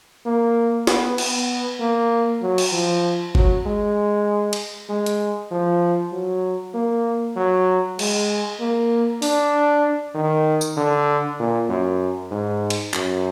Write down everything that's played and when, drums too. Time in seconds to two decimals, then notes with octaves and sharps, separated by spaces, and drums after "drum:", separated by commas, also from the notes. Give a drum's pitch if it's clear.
0.26 A#3
0.87 B3, drum: snare
1.18 B3, drum: cymbal
1.80 A#3
2.42 F#3
2.58 drum: cymbal
2.72 F3
3.35 F#3, drum: kick G1
3.66 G#3
4.53 drum: cymbal
4.89 G#3
5.06 drum: hi-hat
5.51 F3
6.12 F#3
6.74 A#3
7.36 F#3
7.99 G#3, drum: cymbal
8.60 A#3
9.22 D4, drum: open hi-hat
10.15 D#3
10.61 drum: tambourine
10.77 D3
11.39 A#2
11.69 F#2
12.31 G#2
12.70 drum: cymbal
12.94 F#2, drum: clap